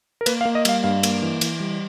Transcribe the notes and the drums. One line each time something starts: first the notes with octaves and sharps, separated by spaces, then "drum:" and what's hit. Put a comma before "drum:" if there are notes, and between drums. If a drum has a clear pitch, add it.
A#4
A#3 B4, drum: cymbal
F5
A#3
D#5
G3 F5, drum: cymbal
G2 F5
A#3, drum: cymbal
E3
E3, drum: cymbal
G3